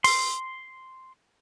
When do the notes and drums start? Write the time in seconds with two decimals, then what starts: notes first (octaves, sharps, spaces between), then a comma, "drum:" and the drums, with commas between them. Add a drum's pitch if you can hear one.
0.04 C6, drum: open hi-hat